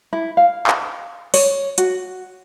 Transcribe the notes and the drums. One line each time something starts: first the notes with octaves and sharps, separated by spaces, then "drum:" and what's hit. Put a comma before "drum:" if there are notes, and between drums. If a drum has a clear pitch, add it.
E4
F5
drum: clap
C#5, drum: open hi-hat
F#4, drum: hi-hat